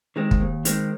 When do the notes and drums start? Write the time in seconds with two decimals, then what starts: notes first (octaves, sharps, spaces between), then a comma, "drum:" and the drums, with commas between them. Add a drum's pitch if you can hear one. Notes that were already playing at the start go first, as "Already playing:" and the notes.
0.16 D#3 G#3 C4
0.31 drum: kick
0.40 D#2
0.65 D#3 G#3 C4, drum: hi-hat